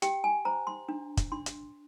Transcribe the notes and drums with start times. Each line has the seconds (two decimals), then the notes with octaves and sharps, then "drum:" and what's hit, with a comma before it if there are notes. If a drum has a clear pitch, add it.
0.02 G4 G5, drum: hi-hat
0.24 G#5
0.45 C5 A#5
0.67 C6
0.89 D4
1.17 drum: kick, hi-hat
1.32 D4 C6
1.46 drum: hi-hat